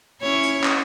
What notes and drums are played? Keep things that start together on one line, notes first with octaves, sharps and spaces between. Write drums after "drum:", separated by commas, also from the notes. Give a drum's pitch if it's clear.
C#4 E4 C#5
drum: hi-hat
drum: clap